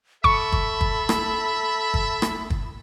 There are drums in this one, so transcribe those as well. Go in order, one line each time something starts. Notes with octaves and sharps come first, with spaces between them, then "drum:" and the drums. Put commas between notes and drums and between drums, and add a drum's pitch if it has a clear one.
A4 E5 B5 C#6, drum: kick
drum: kick
drum: kick
drum: rim click
drum: kick
drum: rim click
drum: kick